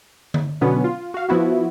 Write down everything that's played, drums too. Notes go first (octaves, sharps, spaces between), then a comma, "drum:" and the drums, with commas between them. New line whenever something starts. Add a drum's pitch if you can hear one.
drum: tom D3
B2 D3 F#3 B3 C#4
F4
F#4 F5
F3 B3 E4 F#4